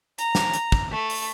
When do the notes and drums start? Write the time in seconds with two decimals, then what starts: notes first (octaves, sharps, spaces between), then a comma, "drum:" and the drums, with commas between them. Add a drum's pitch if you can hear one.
0.18 A#5, drum: hi-hat
0.35 drum: snare
0.54 drum: hi-hat
0.72 drum: kick
0.91 A3
1.10 drum: open hi-hat